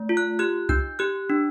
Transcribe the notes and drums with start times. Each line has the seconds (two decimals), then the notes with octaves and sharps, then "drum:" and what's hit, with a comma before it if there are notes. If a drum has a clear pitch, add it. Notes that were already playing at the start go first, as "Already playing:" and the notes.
Already playing: A3
0.09 F4
0.17 F#6
0.39 G4 F#6
0.69 D#4 G6, drum: kick C2
0.99 G4 F#6
1.30 D4